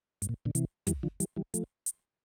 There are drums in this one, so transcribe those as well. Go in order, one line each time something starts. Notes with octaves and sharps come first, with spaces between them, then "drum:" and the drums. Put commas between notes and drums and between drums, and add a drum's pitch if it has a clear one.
G2, drum: hi-hat
A#2
A#2 D3
C3 E3, drum: hi-hat
E3 G3, drum: kick, hi-hat
D3 F3
E3 G3, drum: hi-hat
E3 G3
F3 A3, drum: hi-hat
drum: hi-hat